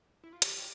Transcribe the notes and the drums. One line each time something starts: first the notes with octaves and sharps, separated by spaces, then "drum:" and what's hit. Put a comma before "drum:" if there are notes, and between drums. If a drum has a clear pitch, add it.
E4
F4
G4, drum: hi-hat